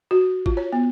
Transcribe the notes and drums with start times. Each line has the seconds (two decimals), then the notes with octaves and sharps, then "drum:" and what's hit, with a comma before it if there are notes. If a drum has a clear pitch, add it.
0.11 F#4
0.46 F4, drum: kick
0.57 C#5
0.73 B3